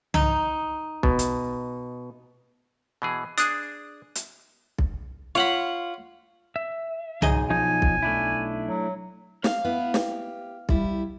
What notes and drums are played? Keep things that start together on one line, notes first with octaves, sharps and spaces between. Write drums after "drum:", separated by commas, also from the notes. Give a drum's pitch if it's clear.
D#4, drum: tom C2
B2, drum: kick B1
drum: hi-hat
B2 E3 G#4
D4 G#4 D#6 F#6, drum: hi-hat
drum: hi-hat
drum: kick B1
F4 C#5 F#5 B5
E5
B1 D#4 G#4 D#5, drum: tom C2
F3 D#4 G#5
drum: kick B1
A3 D4 E4
F#3
F5, drum: snare
B3 E4
G4, drum: snare
G3 E4, drum: kick B1